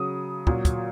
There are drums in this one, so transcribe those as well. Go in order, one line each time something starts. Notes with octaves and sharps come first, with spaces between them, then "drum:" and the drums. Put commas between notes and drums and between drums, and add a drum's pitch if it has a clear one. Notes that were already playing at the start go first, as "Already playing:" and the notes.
Already playing: C#3 F#3 D#6
A#2 F#3, drum: kick
drum: kick, hi-hat